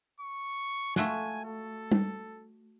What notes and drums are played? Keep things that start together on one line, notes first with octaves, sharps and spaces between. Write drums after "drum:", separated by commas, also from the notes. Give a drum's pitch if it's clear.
C#6
A3 F4 F#4 G#5, drum: snare
A4
drum: tom G3